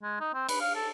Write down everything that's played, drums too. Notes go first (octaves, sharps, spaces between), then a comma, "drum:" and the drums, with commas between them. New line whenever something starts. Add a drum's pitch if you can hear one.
G#3
D#4
C4
B4, drum: cymbal
F5
A4